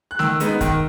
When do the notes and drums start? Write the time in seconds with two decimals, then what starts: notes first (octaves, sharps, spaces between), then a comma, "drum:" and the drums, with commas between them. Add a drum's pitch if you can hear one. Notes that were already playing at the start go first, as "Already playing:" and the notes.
0.11 F#6
0.19 D#3 E6, drum: snare A3
0.40 G#3 B3 D#4, drum: hi-hat
0.61 D#3, drum: kick, hi-hat